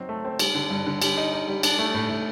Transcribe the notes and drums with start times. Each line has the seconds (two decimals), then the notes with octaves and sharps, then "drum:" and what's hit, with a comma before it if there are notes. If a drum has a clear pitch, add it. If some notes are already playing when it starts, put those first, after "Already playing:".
Already playing: F#3 C4 D#4
0.09 A3
0.25 C4
0.39 G3, drum: cymbal
0.55 D3
0.70 G2
0.87 D3
1.02 G3, drum: cymbal
1.17 D#4
1.32 D#4
1.48 G3
1.63 D4, drum: cymbal
1.79 A3
1.95 A2
2.10 A2